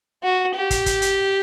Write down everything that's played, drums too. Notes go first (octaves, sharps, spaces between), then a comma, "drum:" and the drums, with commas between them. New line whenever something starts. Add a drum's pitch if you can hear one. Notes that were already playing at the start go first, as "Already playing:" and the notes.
F#4
G4
drum: kick, hi-hat
drum: kick, hi-hat
drum: hi-hat